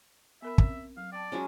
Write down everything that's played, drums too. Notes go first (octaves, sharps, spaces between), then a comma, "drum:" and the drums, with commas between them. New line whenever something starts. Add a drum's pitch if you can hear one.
B3 A#4 E5 B5
C4 C#4, drum: kick
F#3 F5
D5 G5 A5
F#3 G#3 C#4